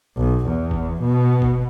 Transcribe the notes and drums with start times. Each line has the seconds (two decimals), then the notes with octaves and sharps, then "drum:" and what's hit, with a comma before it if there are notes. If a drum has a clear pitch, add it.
0.17 B1
0.47 E2
0.71 drum: kick
1.02 B2
1.42 drum: kick